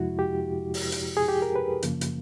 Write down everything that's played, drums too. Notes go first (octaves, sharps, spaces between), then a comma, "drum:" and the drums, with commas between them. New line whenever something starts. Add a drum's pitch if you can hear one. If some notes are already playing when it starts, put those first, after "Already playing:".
Already playing: F2 C3 F3 G#3 E4 F#4
G4
drum: open hi-hat
drum: hi-hat
G#4
G4
A#4
B4
F#2 C#3 F3 A#3, drum: hi-hat
drum: hi-hat